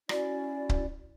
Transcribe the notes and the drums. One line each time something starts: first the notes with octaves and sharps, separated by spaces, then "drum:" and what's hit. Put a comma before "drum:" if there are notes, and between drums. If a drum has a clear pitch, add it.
C#4 E4 F#4 D5, drum: rim click
drum: kick C#1